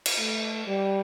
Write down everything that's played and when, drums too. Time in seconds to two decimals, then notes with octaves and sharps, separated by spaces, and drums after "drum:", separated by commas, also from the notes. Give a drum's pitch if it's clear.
0.06 drum: cymbal
0.18 A3
0.66 G3